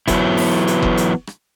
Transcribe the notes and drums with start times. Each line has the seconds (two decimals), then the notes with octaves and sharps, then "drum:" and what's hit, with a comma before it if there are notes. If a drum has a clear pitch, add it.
0.08 E3 F#3 B3 E4, drum: kick F#1, hi-hat
0.37 drum: open hi-hat
0.67 drum: hi-hat
0.82 drum: kick F#1
0.97 drum: hi-hat
1.27 drum: rim click